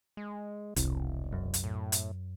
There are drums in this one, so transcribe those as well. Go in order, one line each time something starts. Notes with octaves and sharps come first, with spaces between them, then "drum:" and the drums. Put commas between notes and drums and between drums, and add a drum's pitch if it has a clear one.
G#3
E1 C2, drum: hi-hat
F#2
drum: hi-hat
A2
drum: hi-hat